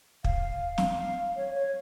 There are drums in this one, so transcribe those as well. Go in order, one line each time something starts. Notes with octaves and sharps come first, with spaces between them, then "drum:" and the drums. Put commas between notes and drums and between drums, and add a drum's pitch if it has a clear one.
F5, drum: kick
drum: snare
F5
C#5
C#5